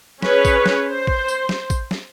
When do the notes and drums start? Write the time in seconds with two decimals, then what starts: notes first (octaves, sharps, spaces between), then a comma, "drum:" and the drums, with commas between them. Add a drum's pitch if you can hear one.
0.22 C#4 G#4 B4 C#5, drum: snare
0.45 drum: kick A1, tambourine
0.66 drum: snare
0.87 C5
1.07 drum: kick A1
1.28 drum: tambourine
1.49 drum: snare
1.70 drum: kick A1, tambourine
1.91 drum: snare